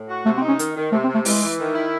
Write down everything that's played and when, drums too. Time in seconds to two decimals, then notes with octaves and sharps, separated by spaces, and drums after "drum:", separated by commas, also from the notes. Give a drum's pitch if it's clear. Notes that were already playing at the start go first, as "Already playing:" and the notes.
Already playing: A2
0.09 F#4
0.25 C3 A3
0.37 C4
0.42 D#4
0.48 C#4
0.59 D#3, drum: hi-hat
0.76 D#3
0.92 C3 A3
1.03 C4
1.09 C3
1.14 A3
1.25 E3 G#3, drum: open hi-hat
1.43 E3
1.59 D#3
1.75 E4